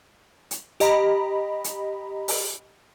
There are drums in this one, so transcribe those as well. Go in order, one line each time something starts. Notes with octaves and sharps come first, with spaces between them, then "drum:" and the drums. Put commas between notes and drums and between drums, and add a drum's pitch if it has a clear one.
drum: hi-hat
G4 D#5 A#5 B5, drum: hi-hat
drum: hi-hat
drum: open hi-hat